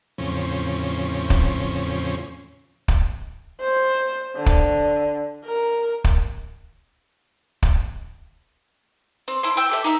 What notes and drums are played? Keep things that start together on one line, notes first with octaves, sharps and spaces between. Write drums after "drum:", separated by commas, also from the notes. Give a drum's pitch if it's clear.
E2 A2 C#3 F3 C4 C#4
drum: kick
drum: kick
C5
D3
drum: kick
A#4
drum: kick
drum: kick
C4
E4 A5 C6
G5 E6 G6
G4 A4 E5
D#4 E5 E6